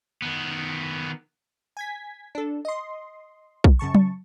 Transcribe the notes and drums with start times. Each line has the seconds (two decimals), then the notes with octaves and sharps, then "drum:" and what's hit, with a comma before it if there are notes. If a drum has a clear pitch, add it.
0.22 D#3 B3
1.77 G#5 G#6 B6
2.35 D4 A4
2.65 D#5 C6
3.64 drum: kick B1
3.79 F#2 C#3 A5 C#6
3.95 drum: tom F#3